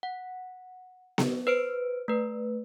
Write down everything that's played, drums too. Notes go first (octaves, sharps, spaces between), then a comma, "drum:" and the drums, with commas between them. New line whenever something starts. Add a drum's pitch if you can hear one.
F#5
drum: snare B3
B4 C5 D7
A3 B4